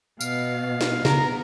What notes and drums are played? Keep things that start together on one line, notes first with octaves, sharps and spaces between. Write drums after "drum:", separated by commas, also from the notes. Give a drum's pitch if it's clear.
B2 F5, drum: tambourine
drum: snare
C#3 B3 A#4 A#5, drum: snare